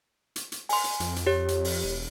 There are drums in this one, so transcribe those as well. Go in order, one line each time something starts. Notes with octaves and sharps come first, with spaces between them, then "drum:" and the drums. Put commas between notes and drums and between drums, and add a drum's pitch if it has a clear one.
drum: hi-hat
drum: hi-hat
G#5 C6, drum: open hi-hat
drum: hi-hat
F2, drum: hi-hat
drum: hi-hat
F2 G4 C#5
drum: hi-hat
drum: open hi-hat
E1